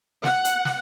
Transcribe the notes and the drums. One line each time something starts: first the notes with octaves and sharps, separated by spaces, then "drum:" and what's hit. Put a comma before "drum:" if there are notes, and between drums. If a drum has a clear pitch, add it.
F#5, drum: snare
drum: hi-hat
drum: snare